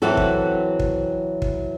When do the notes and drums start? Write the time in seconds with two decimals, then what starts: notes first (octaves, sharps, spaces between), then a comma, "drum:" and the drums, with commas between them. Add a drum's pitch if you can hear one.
0.02 E3 F#3 C4 F#4 A4
0.17 drum: kick
0.79 drum: kick
1.42 drum: kick